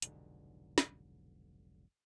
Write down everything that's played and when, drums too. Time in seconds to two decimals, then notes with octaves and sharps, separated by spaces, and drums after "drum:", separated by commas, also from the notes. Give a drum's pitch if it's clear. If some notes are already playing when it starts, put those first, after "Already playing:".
0.02 F1 B1 G#2 D3, drum: hi-hat
0.78 drum: snare